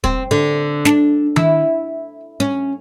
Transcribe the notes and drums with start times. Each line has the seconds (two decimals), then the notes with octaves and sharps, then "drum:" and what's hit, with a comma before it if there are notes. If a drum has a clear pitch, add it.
0.04 C4, drum: kick
0.31 D3
0.85 D4, drum: snare
1.36 E4, drum: tom D#3
2.40 C#4